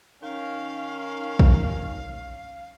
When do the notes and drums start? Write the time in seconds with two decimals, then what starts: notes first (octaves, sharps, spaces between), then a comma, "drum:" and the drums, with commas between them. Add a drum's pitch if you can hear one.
0.23 D#3 C#4 F5
1.39 drum: kick